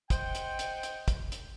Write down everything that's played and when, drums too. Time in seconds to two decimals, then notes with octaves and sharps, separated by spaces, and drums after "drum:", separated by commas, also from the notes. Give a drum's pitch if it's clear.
0.10 C5 D#5 F#5 G5, drum: kick, hi-hat
0.35 drum: hi-hat
0.59 drum: hi-hat
0.83 drum: hi-hat
1.08 drum: kick, hi-hat
1.32 drum: hi-hat